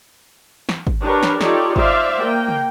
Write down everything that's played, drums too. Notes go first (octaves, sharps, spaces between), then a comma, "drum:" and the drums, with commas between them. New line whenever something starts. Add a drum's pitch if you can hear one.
drum: snare
drum: kick G#1
D4 G4 A#4 B4 C#5
drum: snare
D#4 F4 G4 A4 C#5 D5, drum: snare
C5 D5 E5 F5, drum: kick G#1
A#3 G5
drum: tom